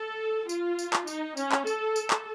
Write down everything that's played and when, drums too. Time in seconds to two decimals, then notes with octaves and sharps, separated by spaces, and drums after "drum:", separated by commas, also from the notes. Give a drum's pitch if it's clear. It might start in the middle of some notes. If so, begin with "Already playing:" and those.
Already playing: A4
0.49 F4, drum: tambourine
0.79 drum: tambourine
0.93 drum: clap
1.07 D#4, drum: tambourine
1.37 C#4, drum: tambourine
1.52 drum: clap
1.67 A4, drum: tambourine
1.96 drum: tambourine
2.10 drum: clap